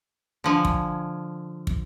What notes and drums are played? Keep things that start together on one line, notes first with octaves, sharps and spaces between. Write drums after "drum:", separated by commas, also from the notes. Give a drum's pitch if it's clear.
D3 F3 G#5
drum: kick
drum: kick